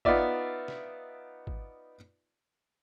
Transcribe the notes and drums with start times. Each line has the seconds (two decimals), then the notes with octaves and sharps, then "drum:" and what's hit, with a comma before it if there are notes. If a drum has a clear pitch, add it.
0.05 B3 D#4 F4 D5 E5, drum: kick
0.68 drum: snare
1.47 drum: kick